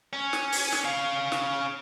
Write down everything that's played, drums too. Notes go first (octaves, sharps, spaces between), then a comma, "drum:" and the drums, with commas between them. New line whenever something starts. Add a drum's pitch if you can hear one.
C#4
drum: snare
drum: open hi-hat
drum: snare
C#4 F5
drum: snare